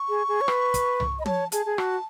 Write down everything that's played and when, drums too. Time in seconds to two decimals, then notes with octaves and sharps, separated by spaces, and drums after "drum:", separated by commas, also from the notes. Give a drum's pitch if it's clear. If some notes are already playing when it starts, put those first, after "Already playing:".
Already playing: C#6
0.09 G#4
0.28 G#4
0.41 C#5
0.48 B4, drum: rim click
0.74 drum: kick, hi-hat
1.00 drum: tom C2
1.19 D#5 B5
1.26 C#5 A5, drum: tom
1.52 G#4 A5, drum: hi-hat
1.66 G#4
1.78 F#4 A5, drum: rim click